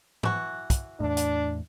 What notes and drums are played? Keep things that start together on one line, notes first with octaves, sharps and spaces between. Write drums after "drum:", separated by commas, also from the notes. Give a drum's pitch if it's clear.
E3 F#4, drum: tom G#2
drum: kick, hi-hat
E2 A2 D4
drum: hi-hat